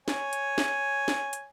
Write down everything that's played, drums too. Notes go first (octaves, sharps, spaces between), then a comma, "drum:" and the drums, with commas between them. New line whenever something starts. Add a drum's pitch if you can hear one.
C#5 G#5, drum: snare
drum: hi-hat
drum: snare
drum: snare
drum: hi-hat